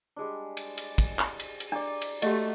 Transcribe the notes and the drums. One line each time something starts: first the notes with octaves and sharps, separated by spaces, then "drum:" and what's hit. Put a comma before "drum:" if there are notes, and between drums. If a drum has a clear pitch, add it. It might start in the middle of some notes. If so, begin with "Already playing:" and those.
G3 G#3 D4
drum: cymbal
drum: cymbal
drum: kick, cymbal
drum: clap
drum: cymbal
drum: cymbal
D4 D5 A#5
drum: cymbal
A3 F#4 G4 D#5, drum: cymbal